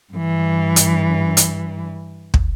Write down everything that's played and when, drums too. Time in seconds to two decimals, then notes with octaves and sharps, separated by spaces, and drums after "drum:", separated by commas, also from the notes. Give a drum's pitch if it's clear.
0.13 G2 E3
0.76 drum: hi-hat
1.37 drum: hi-hat
2.34 drum: kick